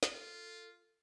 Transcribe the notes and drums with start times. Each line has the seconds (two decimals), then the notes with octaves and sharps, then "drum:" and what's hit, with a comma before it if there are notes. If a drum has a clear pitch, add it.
0.03 drum: snare
0.13 F4 A4